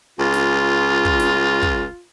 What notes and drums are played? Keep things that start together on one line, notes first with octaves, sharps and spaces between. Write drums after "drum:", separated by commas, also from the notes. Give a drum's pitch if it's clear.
C#2 F4
drum: snare
drum: kick
drum: snare
drum: kick